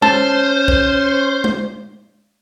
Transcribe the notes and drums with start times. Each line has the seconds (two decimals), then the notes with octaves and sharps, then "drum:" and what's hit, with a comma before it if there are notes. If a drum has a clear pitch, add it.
0.02 C#4 C5 A5, drum: tom G#3
0.68 drum: kick
1.44 drum: tom G#3